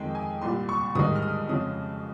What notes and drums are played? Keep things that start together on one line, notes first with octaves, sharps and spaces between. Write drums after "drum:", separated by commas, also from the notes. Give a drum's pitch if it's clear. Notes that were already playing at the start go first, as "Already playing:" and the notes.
Already playing: F2 D#3 G#3 G5
G#5
C2 A#2 G3 C6
C#6
G2 D#3 G#3 D#6, drum: tom
F6
D#6
F2 C#3 G#3 D#6